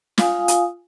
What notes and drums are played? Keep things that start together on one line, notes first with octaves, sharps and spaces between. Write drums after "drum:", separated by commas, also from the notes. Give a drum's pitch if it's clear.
F4 F5 G#5 D#6, drum: snare
drum: hi-hat